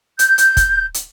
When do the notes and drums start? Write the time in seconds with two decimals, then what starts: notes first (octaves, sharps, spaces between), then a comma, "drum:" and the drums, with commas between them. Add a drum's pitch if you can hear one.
0.19 G6, drum: hi-hat
0.38 drum: hi-hat
0.57 drum: kick, hi-hat
0.94 drum: hi-hat